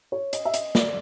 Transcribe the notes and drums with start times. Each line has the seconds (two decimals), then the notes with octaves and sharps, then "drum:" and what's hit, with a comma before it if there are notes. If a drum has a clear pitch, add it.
0.12 C#5
0.33 D#5, drum: hi-hat
0.45 E5
0.54 D#5, drum: hi-hat
0.75 D5, drum: snare